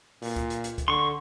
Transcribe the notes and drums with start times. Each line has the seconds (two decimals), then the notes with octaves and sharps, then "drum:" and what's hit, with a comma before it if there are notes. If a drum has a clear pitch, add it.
0.22 A#2, drum: open hi-hat
0.36 drum: kick, hi-hat
0.50 drum: hi-hat
0.64 drum: hi-hat
0.78 drum: kick, hi-hat
0.88 D3 C6 C#6